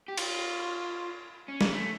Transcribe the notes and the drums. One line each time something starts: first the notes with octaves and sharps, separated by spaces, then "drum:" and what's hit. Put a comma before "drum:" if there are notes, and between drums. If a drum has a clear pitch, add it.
G4
F4, drum: cymbal
C#4
drum: snare
A3